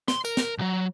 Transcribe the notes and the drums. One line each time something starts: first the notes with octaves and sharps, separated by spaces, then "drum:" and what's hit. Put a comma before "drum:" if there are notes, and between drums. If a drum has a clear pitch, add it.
C6, drum: snare
A#4, drum: tambourine
drum: snare
B1 F#3